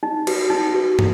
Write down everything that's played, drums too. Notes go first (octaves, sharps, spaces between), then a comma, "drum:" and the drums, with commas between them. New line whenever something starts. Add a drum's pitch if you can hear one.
D#4
F#4 B4, drum: cymbal
D#4
F#4 B4
A4, drum: tom